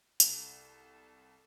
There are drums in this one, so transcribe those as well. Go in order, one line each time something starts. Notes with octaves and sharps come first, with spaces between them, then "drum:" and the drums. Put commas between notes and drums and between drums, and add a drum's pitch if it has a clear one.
C2 A4, drum: tambourine